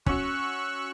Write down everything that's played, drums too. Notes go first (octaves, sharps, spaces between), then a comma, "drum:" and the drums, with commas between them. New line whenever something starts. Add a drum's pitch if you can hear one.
C#4 F#4 C#6 E6 F#6, drum: kick